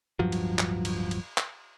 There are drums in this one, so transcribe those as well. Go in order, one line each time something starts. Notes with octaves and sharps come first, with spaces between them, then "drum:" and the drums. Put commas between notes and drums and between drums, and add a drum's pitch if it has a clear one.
D1 G2 F3 F#3
drum: cymbal
drum: clap
drum: cymbal
drum: cymbal
drum: clap